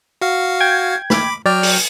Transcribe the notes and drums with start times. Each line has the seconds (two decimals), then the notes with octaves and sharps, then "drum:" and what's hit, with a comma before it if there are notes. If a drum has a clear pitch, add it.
0.21 F#4 F5
0.60 G5 G#6
1.10 B5 D6, drum: snare
1.46 F#3 D5 G5 F6
1.63 drum: open hi-hat